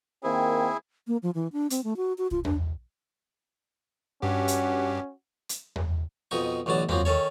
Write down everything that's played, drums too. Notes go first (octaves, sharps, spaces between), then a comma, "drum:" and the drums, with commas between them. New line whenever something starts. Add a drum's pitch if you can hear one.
D#3 A#3 C4 E4 G#4
A#3
F3
E3
D4
C4, drum: hi-hat
A3
F#4
F#4
F4, drum: kick
D4, drum: tom E2
G2 C#4 F#4 G4
drum: hi-hat
drum: hi-hat
drum: tom E2
F2 B2 D#4 C#6
A1 B2 D3 F#3 A5
F3 F#3 A#3 C4, drum: tom E2
D#3 C#4 A4 C#5